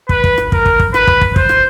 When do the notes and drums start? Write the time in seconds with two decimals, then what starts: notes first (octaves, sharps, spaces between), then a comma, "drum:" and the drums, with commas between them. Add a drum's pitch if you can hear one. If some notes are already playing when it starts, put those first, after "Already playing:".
0.09 B4, drum: kick
0.24 drum: kick
0.38 drum: rim click
0.52 A#4, drum: kick
0.66 drum: kick
0.80 drum: kick
0.94 B4, drum: rim click
1.07 drum: kick
1.21 drum: kick
1.36 C5, drum: kick
1.49 drum: rim click